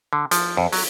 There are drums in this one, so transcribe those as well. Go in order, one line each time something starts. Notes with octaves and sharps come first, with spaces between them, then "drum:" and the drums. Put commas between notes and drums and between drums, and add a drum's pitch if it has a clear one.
D3
F3, drum: hi-hat
F2
F#3, drum: open hi-hat